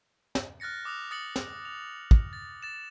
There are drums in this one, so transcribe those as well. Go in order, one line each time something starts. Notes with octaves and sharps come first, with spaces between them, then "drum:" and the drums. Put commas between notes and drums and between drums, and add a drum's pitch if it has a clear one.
drum: snare
F6 F#6 A6 A#6 C#7
D6 D#6 F#6 F7
D#6 A6 C#7 F#7
drum: snare
F7
drum: kick
A6
A6 E7